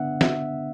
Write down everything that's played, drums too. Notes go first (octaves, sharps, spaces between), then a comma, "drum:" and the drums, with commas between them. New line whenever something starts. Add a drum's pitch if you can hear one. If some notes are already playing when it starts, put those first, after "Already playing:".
Already playing: D3 B3 D4 E5 F#5
E5, drum: snare